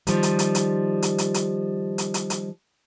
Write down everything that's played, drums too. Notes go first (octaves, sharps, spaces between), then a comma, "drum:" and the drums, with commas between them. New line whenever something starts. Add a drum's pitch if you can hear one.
D#3 F3 G3, drum: hi-hat
drum: hi-hat
drum: hi-hat
drum: hi-hat
drum: hi-hat
drum: hi-hat
drum: hi-hat
drum: hi-hat
drum: hi-hat
drum: hi-hat